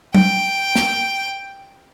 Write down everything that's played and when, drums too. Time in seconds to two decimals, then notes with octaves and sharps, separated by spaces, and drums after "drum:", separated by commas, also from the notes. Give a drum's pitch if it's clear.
0.15 G5, drum: tom
0.76 drum: snare